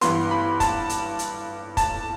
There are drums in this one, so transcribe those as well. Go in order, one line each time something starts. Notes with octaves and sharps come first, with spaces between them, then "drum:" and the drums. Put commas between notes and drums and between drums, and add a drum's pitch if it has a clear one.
G2 E3 B3 C6, drum: hi-hat
B5
A5, drum: kick, hi-hat
drum: hi-hat
drum: hi-hat
A5, drum: kick, hi-hat